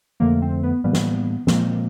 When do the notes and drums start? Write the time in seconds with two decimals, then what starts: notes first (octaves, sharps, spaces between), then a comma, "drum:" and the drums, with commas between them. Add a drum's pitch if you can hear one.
0.20 F2 D3 F3 A3 A#3
0.42 C4
0.63 B3
0.84 A2 E3 G3 A#3 B3
0.93 drum: snare
1.47 A#2 F3 G#3 A#3 C4, drum: snare